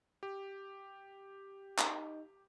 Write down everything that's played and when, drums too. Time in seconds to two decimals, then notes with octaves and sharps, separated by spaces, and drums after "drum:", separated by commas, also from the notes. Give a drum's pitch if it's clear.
0.23 G4
1.79 D#4, drum: clap